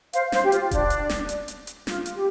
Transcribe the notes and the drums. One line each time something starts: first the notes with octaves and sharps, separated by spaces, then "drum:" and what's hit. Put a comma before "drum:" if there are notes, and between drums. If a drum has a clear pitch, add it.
C5 F5, drum: hi-hat
C5 F5, drum: snare
G4
F4, drum: hi-hat
D4, drum: kick D#1, hi-hat
drum: hi-hat
drum: snare
drum: hi-hat
drum: hi-hat
drum: hi-hat
F4, drum: snare
drum: hi-hat
G4